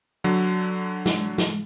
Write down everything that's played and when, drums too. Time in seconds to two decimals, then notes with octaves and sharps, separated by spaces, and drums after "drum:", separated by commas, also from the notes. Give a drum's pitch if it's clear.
0.24 D3 F#3
1.06 drum: snare
1.38 drum: snare